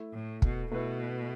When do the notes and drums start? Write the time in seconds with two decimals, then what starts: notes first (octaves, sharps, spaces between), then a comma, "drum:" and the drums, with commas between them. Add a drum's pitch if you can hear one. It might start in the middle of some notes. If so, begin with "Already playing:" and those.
Already playing: A3 E4
0.12 A2
0.42 B2, drum: kick
0.71 B2 A3 E4 B4